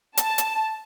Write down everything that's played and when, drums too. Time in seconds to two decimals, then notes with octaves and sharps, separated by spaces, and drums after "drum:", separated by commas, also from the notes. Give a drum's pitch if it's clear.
0.17 A5, drum: hi-hat
0.38 drum: hi-hat